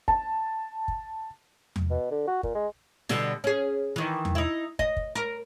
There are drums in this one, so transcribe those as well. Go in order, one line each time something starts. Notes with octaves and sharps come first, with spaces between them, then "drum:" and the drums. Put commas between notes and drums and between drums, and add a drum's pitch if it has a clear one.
A5, drum: kick
drum: kick
drum: tom E2
B2
D3
F#4
A#2, drum: kick
G#3
B2 D3 G3, drum: snare
C#4 G#4
D#3 E3
drum: tom E2
D#4 E4
D#5, drum: kick
drum: kick
A#4